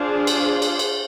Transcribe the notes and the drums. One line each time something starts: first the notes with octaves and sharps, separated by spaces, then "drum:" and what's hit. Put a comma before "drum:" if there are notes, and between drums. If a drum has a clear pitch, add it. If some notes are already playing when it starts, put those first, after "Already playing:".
Already playing: D4 F4 G#4 C5 F5
drum: cymbal
drum: cymbal
drum: cymbal